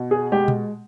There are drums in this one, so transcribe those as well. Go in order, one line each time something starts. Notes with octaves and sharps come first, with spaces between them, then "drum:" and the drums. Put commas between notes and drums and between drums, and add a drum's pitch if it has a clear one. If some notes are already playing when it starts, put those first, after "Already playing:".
Already playing: B2
G#4
G#3 G4
drum: tom A#2